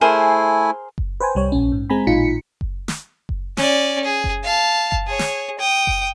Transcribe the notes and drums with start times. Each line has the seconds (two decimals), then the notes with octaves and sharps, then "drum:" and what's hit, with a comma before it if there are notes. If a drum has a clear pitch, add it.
0.01 A3 E4 G#4 A#4 C5 G#5
0.98 drum: kick F#1
1.20 B4 C5 G5 G#5
1.35 C2 G3 C#5
1.52 A#1 C#4
1.72 G#2
1.90 G#3 C4 G#5 A#5 B5
2.07 A1 A#2 D#4 F4 B6 C#7
2.61 drum: kick F#1
2.88 drum: snare
3.29 drum: kick F#1
3.57 C#4 D5, drum: snare
4.04 G#4
4.24 drum: kick F#1
4.44 F5 A5
4.92 drum: kick F#1
5.07 G#4 C#5
5.19 drum: snare
5.59 G5 D#6
5.87 drum: kick F#1